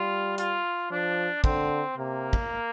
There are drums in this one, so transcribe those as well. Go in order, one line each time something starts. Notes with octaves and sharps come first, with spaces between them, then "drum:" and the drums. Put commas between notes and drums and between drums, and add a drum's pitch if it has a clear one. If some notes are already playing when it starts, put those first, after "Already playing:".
Already playing: G3 F4
F4, drum: hi-hat
F3 D4
D3 C4, drum: kick
C3 A#3
drum: kick